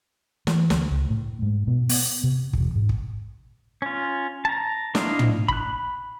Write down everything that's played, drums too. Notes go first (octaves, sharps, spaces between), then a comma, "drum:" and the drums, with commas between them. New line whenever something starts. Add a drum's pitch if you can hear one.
E3, drum: snare
D2, drum: snare
C#2
A2
G#2
B2
B3, drum: open hi-hat
C3
E1, drum: kick
G#2
drum: kick
C#4 F4
A5 A#5
D4 E4 D#5 F5 C6, drum: snare
drum: tom
B5 F#6, drum: kick